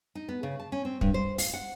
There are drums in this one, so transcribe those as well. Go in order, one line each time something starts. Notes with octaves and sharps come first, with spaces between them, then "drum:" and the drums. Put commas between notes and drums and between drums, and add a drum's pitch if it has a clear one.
D#4
B3
C#3
A5
C#4
C4
G2, drum: kick
C5
F5, drum: open hi-hat
F#5